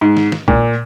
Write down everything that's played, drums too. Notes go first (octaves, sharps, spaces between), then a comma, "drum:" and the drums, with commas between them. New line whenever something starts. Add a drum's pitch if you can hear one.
G#2
drum: snare
drum: snare
A#2, drum: kick